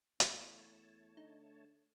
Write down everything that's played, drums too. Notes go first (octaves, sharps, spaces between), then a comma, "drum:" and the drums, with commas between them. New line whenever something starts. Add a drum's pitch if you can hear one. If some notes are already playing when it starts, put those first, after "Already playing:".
E2 A3 C#5 A5, drum: hi-hat
D3 D#4